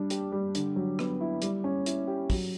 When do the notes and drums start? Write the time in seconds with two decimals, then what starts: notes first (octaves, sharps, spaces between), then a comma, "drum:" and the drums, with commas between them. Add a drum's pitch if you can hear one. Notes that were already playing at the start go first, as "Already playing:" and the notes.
Already playing: G3 D4
0.10 G4, drum: hi-hat
0.32 G3
0.55 D3, drum: hi-hat
0.76 F#3
0.99 B3, drum: rim click
1.21 E4
1.42 G3, drum: hi-hat
1.64 C#4
1.86 E4, drum: hi-hat
2.07 G4
2.30 F#3, drum: kick, open hi-hat